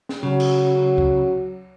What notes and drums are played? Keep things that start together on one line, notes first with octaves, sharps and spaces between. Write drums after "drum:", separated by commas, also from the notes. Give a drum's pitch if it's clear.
drum: snare
C#3 F#3
drum: cymbal
drum: kick C#2